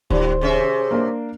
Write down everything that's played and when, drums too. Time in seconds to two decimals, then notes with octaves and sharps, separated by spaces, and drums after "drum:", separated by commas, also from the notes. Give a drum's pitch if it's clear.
0.10 A2 D#3 G4 C5, drum: kick D1
0.41 C3 C#4 G#4 E5
0.91 A#3 D4 A#4